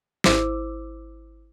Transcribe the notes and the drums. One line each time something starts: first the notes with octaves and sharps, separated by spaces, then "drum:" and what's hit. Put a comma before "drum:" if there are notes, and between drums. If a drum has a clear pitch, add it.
G#1 E4 C5 D6 E6, drum: snare